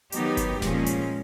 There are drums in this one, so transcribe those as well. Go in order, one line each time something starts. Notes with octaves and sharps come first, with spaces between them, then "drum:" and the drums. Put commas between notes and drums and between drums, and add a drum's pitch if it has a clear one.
D#3 F#3 B3 D#4 G4, drum: hi-hat
drum: kick G1, hi-hat
A#2 F3 G#3 C#4, drum: snare D#1
drum: hi-hat